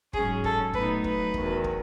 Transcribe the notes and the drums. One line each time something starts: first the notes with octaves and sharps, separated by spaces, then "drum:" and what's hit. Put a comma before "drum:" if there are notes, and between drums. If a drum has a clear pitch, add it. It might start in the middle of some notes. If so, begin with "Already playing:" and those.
G#2 F#3 C#4 G#4, drum: kick
A4, drum: kick
A2 F#3 B3 D#4 B4, drum: kick
B4, drum: kick
E2 D#3 F#3, drum: kick
drum: kick